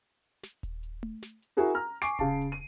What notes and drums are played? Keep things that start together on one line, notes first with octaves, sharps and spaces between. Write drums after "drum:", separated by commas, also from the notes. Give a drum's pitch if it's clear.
drum: snare
drum: kick D#1, hi-hat
drum: hi-hat
drum: tom A3
drum: snare
drum: hi-hat
E4 F#4 G#4 A#4
A#5 F6
G#5 C#6 D6 C7 D7, drum: snare
C#3 F5 A5, drum: kick D#1, hi-hat
drum: hi-hat
D#7